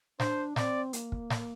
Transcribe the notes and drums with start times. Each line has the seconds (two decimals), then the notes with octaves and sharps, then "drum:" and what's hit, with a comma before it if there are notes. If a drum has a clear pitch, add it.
0.20 D4 C5, drum: snare
0.56 C4 D5, drum: snare
0.93 A#3, drum: hi-hat
1.12 drum: kick
1.30 drum: snare